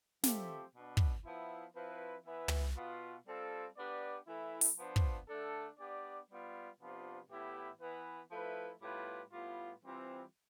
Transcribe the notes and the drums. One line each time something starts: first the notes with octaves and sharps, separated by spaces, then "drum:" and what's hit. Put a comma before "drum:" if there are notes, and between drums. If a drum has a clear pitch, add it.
F3 A3 C4 G4, drum: snare
B2 B3 D4
drum: kick
F3 B3 E4
F3 C4 E4 B4
E3 B3 E4 B4 E5
drum: tom
B2 B3 F4
G3 C4 F4 A4
B3 D4 G4 B4 D5
E3 A3 E4
drum: open hi-hat
F3 B3 D4 F4 C5
drum: kick
D3 A3 D4 A4
B3 D4 G4 D5
G3 B3 F4
C3 F3 B3 D4 F4
A2 E3 B3 E4 G4
E3 B3 E4 B4
F3 A3 E4 B4
A2 G3 B3 F4 B4
A2 G3 B3 F4
E3 G3 C4 F4